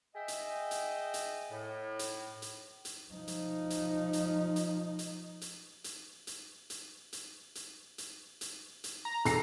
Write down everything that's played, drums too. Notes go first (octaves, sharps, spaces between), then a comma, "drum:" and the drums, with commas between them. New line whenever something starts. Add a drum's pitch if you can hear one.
G#4 D#5 E5 G5
drum: hi-hat
drum: hi-hat
drum: hi-hat
A2
drum: hi-hat
drum: hi-hat
drum: hi-hat
F3 D#4
drum: hi-hat
drum: hi-hat
drum: hi-hat
drum: hi-hat
drum: hi-hat
drum: hi-hat
drum: hi-hat
drum: hi-hat
drum: hi-hat
drum: hi-hat
drum: hi-hat
drum: hi-hat
drum: hi-hat
drum: hi-hat
A#5
E1 A4 C7, drum: hi-hat